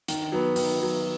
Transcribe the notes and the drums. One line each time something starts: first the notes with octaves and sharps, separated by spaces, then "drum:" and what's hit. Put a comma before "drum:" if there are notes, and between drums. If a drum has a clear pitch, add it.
D#3, drum: hi-hat
F#3 B3
D#3, drum: open hi-hat
F#3 B3